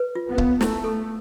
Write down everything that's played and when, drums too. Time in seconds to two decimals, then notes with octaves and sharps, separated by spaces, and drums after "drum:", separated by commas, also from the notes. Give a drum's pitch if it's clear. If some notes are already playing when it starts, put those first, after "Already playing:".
Already playing: B4
0.15 F4
0.30 B3
0.38 F5, drum: kick C#1
0.61 A3 E4, drum: snare
0.84 A4